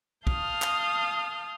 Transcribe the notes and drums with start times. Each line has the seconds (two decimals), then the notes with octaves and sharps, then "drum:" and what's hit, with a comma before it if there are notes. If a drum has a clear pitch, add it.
0.27 F5 A5 D#6 F6 G6, drum: kick
0.62 drum: clap